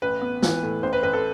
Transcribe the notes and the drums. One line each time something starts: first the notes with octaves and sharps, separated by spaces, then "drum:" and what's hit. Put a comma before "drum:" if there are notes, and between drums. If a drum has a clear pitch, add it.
A1 B4
B3
E3, drum: snare
A2
A1 C5
B4
A1 B4
A4